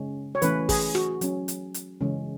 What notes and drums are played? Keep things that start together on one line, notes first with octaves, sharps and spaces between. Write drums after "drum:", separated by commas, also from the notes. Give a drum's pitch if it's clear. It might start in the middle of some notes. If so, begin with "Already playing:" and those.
Already playing: C#3 G#3 C#4
C#5
E3 A3 C#4 B4, drum: hi-hat
G#4, drum: kick, open hi-hat
F#4, drum: rim click
F#3 C#4, drum: hi-hat
drum: hi-hat
drum: hi-hat
C#3 E3 G#3 C#4